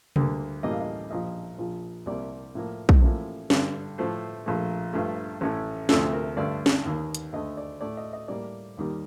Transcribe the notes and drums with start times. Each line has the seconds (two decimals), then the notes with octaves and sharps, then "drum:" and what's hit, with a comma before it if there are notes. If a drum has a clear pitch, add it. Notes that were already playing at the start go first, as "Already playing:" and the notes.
0.16 D2 D3 G3 A#3, drum: tom C3
0.63 A1 A2 G3 A#3 D#5
0.72 F5
0.81 D#5
1.11 A#1 A#2 F3 D#5
1.58 A#1 A#2 F3
2.06 C2 C3 G3 A#3 D5
2.55 A2 F3 A#3
2.89 drum: kick
3.02 A1 A2 F3 A#3
3.50 G2 D3 G3, drum: snare
3.98 A2 F3 A3 C5
4.46 A#1 A#2 A3
4.93 G2 F3 A3
5.41 A1 A2 A3
5.89 D2 C3 F3 A3 A4, drum: snare
6.13 A#4
6.37 G2 D3 A3 D5
6.66 drum: snare
6.86 D#2 D#3 A#3
7.15 drum: hi-hat
7.33 D2 D3 A3 D#5
7.57 D5
7.81 A2 A3 D5
7.97 D#5
8.13 D#5
8.28 A2 G3 A#3 D5
8.77 D#2 D#3 G3 A#3